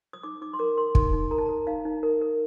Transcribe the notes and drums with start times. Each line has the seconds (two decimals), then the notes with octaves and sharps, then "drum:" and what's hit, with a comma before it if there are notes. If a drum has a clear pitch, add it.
0.13 D#6
0.23 D#4 D6
0.41 D#4 D6
0.53 C6
0.59 A#4 D6
0.77 A#4 C6
0.95 D#4 C6, drum: kick
1.13 D#4
1.31 A#4 A#5
1.38 A5
1.46 A#5
1.49 A#4
1.67 D#4 F5
1.85 D#4
2.03 A#4
2.21 A#4